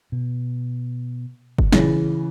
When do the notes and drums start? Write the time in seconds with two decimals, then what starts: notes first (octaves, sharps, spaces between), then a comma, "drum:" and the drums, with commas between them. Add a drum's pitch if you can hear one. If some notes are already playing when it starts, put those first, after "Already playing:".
0.12 B2
1.58 drum: kick F#1
1.72 A#2 C#3 E3, drum: snare